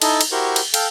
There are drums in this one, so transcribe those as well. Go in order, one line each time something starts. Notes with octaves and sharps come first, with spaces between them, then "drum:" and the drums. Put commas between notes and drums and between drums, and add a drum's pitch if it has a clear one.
D#4 E4 A4 D#5 A5, drum: cymbal
drum: cymbal
E4 F#4 G4 A#4 C5 C#6
drum: cymbal
A4 F5 G5, drum: cymbal